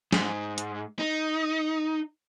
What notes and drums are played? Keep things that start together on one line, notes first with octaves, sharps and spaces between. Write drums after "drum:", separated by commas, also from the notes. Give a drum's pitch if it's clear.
G#2, drum: snare
drum: hi-hat
D#4